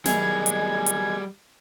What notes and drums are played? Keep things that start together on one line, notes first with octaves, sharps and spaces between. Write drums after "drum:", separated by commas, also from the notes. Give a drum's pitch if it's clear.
B1 D#3 G3 E4 G#4 D#5 G#5 G#6, drum: snare
drum: hi-hat
drum: hi-hat